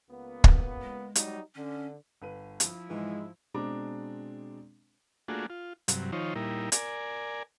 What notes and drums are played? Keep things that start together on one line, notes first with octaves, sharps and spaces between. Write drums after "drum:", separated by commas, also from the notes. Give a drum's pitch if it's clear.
C#2 A#3 B3
drum: kick
G#3
F#3 G3 D#4, drum: hi-hat
D3 C#4
G1 B4 D#7
F3 E4, drum: hi-hat
G#2 E3 G#3
B2 G#3 C4 D4 A#5 D6
A3 A#3 D4 F4 F#4 G#4
F4
G2 C3 F#3, drum: hi-hat
D#3 F3 D#4 F4 C5 C#5
A#2 G3 D#4 E4 A#4
A#4 D5 G#5, drum: hi-hat